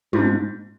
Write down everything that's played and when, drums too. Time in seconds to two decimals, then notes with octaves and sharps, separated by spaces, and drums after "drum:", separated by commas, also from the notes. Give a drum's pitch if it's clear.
0.13 G#2, drum: tom